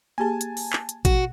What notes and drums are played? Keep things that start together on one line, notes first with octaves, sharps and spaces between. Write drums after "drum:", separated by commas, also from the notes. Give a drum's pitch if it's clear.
A#3 G4 G#4 G#5 A5
drum: hi-hat
drum: open hi-hat
drum: clap
drum: hi-hat
B2 F#4, drum: kick A1, hi-hat